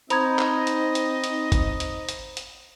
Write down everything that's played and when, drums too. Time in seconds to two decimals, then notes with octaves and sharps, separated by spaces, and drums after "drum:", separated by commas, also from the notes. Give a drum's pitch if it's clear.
0.10 C4 D#4 C5 D#5 A#5 B5 D#6 G#6, drum: hi-hat
0.39 drum: clap
0.67 drum: hi-hat
0.95 drum: hi-hat
1.24 drum: hi-hat
1.52 drum: kick G#1, hi-hat
1.80 drum: hi-hat
2.09 drum: hi-hat
2.37 drum: hi-hat